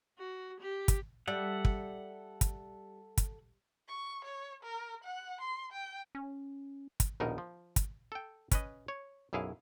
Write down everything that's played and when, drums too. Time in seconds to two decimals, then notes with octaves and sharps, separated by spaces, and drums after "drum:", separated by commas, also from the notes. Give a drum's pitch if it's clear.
0.18 F#4
0.60 G4
0.88 drum: kick, hi-hat
1.28 G3 A4 E5 F#5
1.65 drum: kick
2.41 drum: kick, hi-hat
3.18 drum: kick, hi-hat
3.88 C#6
4.24 C#5
4.63 A#4
5.04 F#5
5.41 C6
5.72 G5
6.15 C#4
7.00 drum: kick, hi-hat
7.20 A#1 D#2 B2 D#4 A#4
7.38 F3
7.76 drum: kick, hi-hat
8.12 A4 G5
8.51 C#4 B4 D#5, drum: kick, hi-hat
8.88 C#5
9.33 B1 F#2 E4 G#4 F5